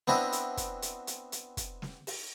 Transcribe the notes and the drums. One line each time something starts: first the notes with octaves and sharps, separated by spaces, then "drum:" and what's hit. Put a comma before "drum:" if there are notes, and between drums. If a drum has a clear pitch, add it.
B3 C4 D4 E4 D#5, drum: snare
drum: hi-hat
drum: kick, hi-hat
drum: hi-hat
drum: hi-hat
drum: hi-hat
drum: kick, hi-hat
drum: snare
drum: open hi-hat